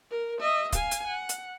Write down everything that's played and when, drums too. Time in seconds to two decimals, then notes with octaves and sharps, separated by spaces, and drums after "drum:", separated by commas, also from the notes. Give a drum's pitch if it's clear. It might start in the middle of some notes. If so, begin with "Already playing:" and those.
0.11 A#4
0.41 D#5 E5
0.73 F5 G#5, drum: kick, hi-hat
0.91 drum: hi-hat
1.07 F#5
1.29 drum: hi-hat